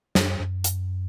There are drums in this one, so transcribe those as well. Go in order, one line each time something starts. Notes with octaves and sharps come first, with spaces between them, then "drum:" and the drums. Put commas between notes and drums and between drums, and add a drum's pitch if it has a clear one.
F#2, drum: snare
F#2
drum: hi-hat